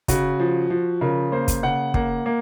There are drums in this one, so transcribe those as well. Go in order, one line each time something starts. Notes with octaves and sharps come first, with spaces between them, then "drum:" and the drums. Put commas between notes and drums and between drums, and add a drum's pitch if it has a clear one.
C#3 F#4, drum: kick, hi-hat
F3
F3
C#3 A#4
A#3 C5
drum: kick, hi-hat
C#3 F#5
A#3 F#5, drum: kick
A#3